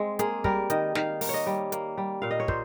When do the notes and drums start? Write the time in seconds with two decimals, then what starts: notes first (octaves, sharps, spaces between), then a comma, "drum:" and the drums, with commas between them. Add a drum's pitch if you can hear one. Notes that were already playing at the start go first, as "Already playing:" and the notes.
Already playing: G#3 C4
0.19 A#3 G#4, drum: hi-hat
0.44 G3 A#4, drum: kick
0.70 D#3 D#5, drum: hi-hat
0.95 D#3 F5, drum: snare
1.21 A#3, drum: open hi-hat
1.29 C#5 D#5
1.47 G3
1.72 A#3, drum: hi-hat
1.98 G3
2.22 A#2 F5
2.31 D#5
2.40 C#5
2.48 A#2 C5, drum: kick